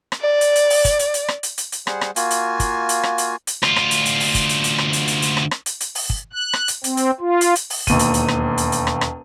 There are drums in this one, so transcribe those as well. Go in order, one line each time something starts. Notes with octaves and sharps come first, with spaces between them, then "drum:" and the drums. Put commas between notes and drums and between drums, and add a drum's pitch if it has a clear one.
drum: rim click
D5
drum: hi-hat
drum: hi-hat
drum: open hi-hat
drum: kick, hi-hat
drum: hi-hat
drum: hi-hat
drum: rim click
drum: hi-hat
drum: hi-hat
drum: hi-hat
G3 G#4 C5 F#5, drum: rim click
drum: rim click
A#3 F4 F#4 G#5, drum: hi-hat
drum: hi-hat
drum: kick, hi-hat
drum: hi-hat
drum: rim click
drum: hi-hat
drum: hi-hat
D2 F4, drum: rim click
drum: rim click
drum: hi-hat
drum: hi-hat
drum: open hi-hat
drum: kick, hi-hat
drum: hi-hat
drum: hi-hat
drum: rim click
drum: hi-hat
drum: hi-hat
drum: hi-hat
drum: rim click
drum: rim click
drum: hi-hat
drum: hi-hat
drum: open hi-hat
drum: kick
F#6
drum: rim click
drum: hi-hat
C4, drum: hi-hat
drum: hi-hat
F4
drum: hi-hat
drum: hi-hat
drum: open hi-hat
E1 D#2 D#7, drum: kick, hi-hat
drum: hi-hat
drum: hi-hat
drum: rim click
drum: hi-hat
drum: hi-hat
drum: rim click
drum: rim click